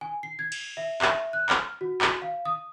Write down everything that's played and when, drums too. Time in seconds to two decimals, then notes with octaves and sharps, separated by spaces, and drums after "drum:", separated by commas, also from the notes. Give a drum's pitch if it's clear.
0.01 G#5
0.23 C7
0.39 G#6
0.52 drum: cymbal
0.77 E5
1.02 E5, drum: clap
1.33 F#6
1.49 F6, drum: clap
1.81 F#4
2.01 drum: clap
2.22 F5
2.45 D#6